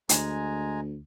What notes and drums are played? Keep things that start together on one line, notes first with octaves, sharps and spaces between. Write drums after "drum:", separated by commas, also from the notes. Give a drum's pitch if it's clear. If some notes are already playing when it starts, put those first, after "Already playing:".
D2 G#3 G#5 A#5, drum: hi-hat